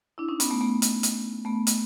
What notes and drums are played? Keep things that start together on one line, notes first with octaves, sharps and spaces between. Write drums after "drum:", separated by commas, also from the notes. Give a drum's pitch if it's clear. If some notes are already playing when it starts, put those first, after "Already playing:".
D4 E4
C#4 D#4
B3 C#4, drum: hi-hat
A3 B3
A3 B3
drum: hi-hat
drum: hi-hat
A3 B3
drum: hi-hat